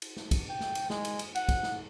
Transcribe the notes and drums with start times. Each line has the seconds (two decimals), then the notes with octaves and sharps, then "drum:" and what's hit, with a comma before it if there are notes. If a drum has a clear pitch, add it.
0.02 drum: cymbal
0.17 drum: snare
0.31 drum: kick, cymbal
0.49 G5
0.61 drum: snare
0.75 drum: cymbal
0.90 G#3, drum: snare
1.05 drum: cymbal
1.19 drum: cymbal
1.35 F#5, drum: cymbal
1.49 drum: kick, cymbal
1.63 drum: snare